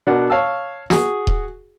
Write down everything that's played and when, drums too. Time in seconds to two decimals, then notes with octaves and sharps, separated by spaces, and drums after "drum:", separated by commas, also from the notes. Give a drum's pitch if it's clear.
0.07 B2 D4 A#4 F#5
0.30 C#5 F5 A5 E6
0.90 F#4 G#4, drum: snare
1.27 drum: kick D#1